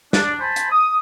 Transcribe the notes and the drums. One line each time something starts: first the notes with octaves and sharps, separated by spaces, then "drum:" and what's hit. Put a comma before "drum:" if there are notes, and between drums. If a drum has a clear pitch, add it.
D4, drum: snare
C5 G#5 A5 B5
drum: hi-hat
D#6